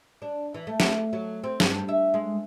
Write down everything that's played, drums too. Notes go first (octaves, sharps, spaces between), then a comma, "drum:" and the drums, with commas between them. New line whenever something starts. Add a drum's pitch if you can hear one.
D4
E3
A3
drum: snare
F#3
C4
G2, drum: snare
E5
G#3